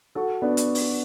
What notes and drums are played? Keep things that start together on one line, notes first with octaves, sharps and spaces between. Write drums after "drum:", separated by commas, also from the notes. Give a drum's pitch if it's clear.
F#4 A4
B3 D4
drum: hi-hat
drum: open hi-hat